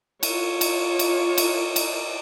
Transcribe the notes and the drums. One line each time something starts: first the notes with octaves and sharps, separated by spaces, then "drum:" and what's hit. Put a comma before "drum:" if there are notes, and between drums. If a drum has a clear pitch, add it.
F4 C#5, drum: cymbal
drum: cymbal
drum: cymbal
drum: cymbal
drum: cymbal